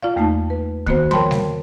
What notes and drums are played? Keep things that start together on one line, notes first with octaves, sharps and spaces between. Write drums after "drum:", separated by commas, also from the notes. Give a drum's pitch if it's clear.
F4 D5 F5
E2 A3 A#3 D#4 A5
B4
D#3 A#3 B3 F#4 C5, drum: kick
A#4 C#5 G5 A5 B5 C6, drum: tom
drum: snare